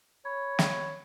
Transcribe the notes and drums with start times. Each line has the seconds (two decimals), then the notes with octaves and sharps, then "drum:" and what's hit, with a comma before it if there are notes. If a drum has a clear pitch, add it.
0.25 C#5 B5
0.59 drum: snare